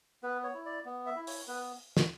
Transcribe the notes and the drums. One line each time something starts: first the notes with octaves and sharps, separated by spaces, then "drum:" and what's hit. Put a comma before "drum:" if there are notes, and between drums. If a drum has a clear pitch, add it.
B3 B4
C#5
E4
D5
B3
E5
E4
C#5, drum: open hi-hat
B3 B4
drum: snare